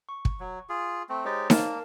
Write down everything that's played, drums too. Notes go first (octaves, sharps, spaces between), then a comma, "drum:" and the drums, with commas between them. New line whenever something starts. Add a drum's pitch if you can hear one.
C#6
drum: kick
F#3
F4 G#4
A3 C4
G#3 D#4 G4 C5 C#5 A6
A#3 A#4 F5 A5, drum: snare D#4